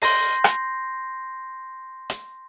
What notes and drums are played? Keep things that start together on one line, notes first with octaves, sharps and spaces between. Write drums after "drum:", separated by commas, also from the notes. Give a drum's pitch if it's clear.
C6 G6 A#6 C7, drum: open hi-hat
drum: rim click
drum: hi-hat